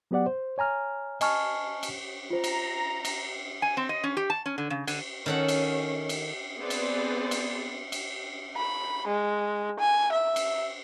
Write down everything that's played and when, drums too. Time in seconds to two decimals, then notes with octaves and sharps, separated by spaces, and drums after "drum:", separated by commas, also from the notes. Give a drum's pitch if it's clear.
0.11 F#3 B3 G4 D5 F#5
0.26 C5
0.58 C#5 G#5 A#5 F6
1.21 D#5 G#5 A5 C#6 F6, drum: cymbal
1.83 drum: cymbal
2.30 F4 C5 A#5
2.44 drum: cymbal
3.05 drum: cymbal
3.62 G#5
3.77 C4
3.89 D#5
4.04 C#4
4.17 G4
4.30 A5
4.46 C#4
4.58 D3
4.70 C#3
4.87 D3, drum: cymbal
5.26 D#3 C#4 A4 C#5 F#5
5.48 drum: cymbal
6.09 drum: cymbal
6.58 B3 C4 G#4 B4 C5 D5
6.70 drum: cymbal
7.31 drum: cymbal
7.92 drum: cymbal
8.56 B5
9.07 G#3
9.79 G#5
10.12 E5
10.36 drum: cymbal